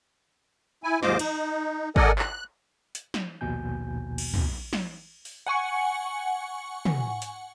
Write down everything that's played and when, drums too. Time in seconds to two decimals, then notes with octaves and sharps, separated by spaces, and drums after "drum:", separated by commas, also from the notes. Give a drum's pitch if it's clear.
0.84 E4 G#5
1.03 D#2 G#2 F4 C5 D#5 D6, drum: snare
1.19 D#4, drum: cymbal
1.96 A4 A#4 D5 D#5 F#5 G#5, drum: kick
2.19 F#6, drum: clap
2.95 drum: hi-hat
3.14 drum: snare
3.41 A#1 D#2 B2 G#5 G6
4.18 drum: cymbal
4.34 drum: tom
4.73 drum: snare
5.25 drum: open hi-hat
5.47 F#5 G#5 C#6 C#7
6.85 drum: tom
7.22 drum: hi-hat